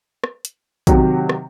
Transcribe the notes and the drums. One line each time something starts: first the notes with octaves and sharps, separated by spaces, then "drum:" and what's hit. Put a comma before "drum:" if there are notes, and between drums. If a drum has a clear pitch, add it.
drum: rim click
drum: hi-hat
C3 D#3 F#3, drum: kick, hi-hat
drum: rim click